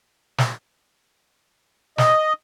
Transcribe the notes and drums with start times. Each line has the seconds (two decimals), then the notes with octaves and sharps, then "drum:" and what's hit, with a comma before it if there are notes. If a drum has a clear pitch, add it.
0.38 drum: snare
1.98 D#5, drum: snare